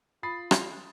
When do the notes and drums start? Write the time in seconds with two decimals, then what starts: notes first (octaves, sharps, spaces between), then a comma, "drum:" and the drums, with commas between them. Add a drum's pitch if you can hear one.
0.23 F4 B5 D#6 A6 C7
0.51 drum: rim click